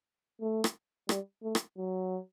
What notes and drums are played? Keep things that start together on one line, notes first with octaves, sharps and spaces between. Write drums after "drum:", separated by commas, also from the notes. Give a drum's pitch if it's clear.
A3
drum: rim click
G3, drum: rim click
A3
drum: rim click
F#3